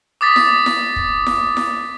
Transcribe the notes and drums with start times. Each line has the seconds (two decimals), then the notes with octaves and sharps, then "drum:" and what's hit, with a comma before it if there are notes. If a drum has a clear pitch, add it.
0.21 D6 D#6 A6 B6
0.36 drum: snare E4
0.66 drum: snare E4
0.96 drum: kick
1.26 drum: snare E4
1.57 drum: snare E4